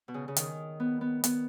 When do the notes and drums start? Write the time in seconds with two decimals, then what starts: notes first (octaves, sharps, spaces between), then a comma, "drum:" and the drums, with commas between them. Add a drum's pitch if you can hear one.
0.08 B2
0.14 C#3
0.28 C#3
0.36 D#3, drum: hi-hat
0.80 B3
1.01 B3
1.24 B3, drum: hi-hat